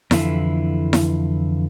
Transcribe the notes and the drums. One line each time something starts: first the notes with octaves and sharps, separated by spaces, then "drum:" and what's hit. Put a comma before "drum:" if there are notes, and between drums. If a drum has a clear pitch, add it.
F2 D3 E3 E4 F4, drum: snare E4
drum: snare E4